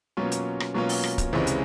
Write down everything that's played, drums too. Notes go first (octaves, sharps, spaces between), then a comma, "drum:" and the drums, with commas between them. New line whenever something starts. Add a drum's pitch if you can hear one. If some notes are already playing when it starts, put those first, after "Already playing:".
B2 F#3 A#3 C#4 F4
drum: hi-hat
drum: rim click
B2 F#3 A#3 C#4 F4
drum: open hi-hat
drum: rim click
drum: kick C#1, hi-hat
C#2 C3 E3 G#3 C#4
drum: hi-hat